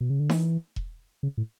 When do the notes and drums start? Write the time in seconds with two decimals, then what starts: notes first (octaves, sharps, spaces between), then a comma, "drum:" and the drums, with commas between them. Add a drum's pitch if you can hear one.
0.01 B2
0.10 C#3
0.20 D3
0.29 E3, drum: snare D#4
0.76 drum: kick E1
1.23 C#3
1.37 A2